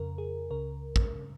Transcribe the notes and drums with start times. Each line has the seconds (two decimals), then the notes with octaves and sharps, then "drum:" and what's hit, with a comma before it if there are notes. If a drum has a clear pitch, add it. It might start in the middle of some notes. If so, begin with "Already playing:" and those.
Already playing: F2 C#3 A#4
0.18 G#4
0.50 C#2 C#3 A#4
0.96 drum: kick
1.15 C#3